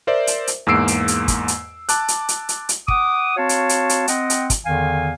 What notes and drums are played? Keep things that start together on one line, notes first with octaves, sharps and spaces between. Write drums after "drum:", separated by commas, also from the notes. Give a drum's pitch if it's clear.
A#4 C5 D5 E5
drum: hi-hat
drum: hi-hat
E2 G#2 A#3 E6 C7 D7
drum: hi-hat
drum: hi-hat
drum: kick, hi-hat
drum: hi-hat
A5 D6 F#6, drum: hi-hat
drum: hi-hat
drum: hi-hat
drum: hi-hat
drum: hi-hat
F#5 D6 D#6, drum: kick
C4 F#4 C#5 F5 A5
drum: hi-hat
drum: hi-hat
drum: hi-hat
C4 D#5 F#5 G5, drum: hi-hat
drum: hi-hat
drum: kick, hi-hat
E2 D3 D#3 F5 G#5